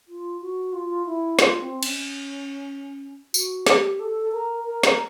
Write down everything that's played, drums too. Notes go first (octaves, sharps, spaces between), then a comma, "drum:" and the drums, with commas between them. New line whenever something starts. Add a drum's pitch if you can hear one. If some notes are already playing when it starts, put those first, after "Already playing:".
F4
F#4
F4
E4
F4, drum: snare
C4
C#4, drum: cymbal
F#4, drum: tambourine
G4, drum: snare
A4
A#4
A#4
drum: snare